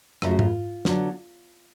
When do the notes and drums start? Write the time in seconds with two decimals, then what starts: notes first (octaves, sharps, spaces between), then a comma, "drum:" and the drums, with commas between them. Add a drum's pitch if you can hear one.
0.22 F#2 C#3 F#3 A3 F4, drum: rim click
0.31 F#4
0.39 F4, drum: tom G#2
0.85 D3 F#3 B3, drum: snare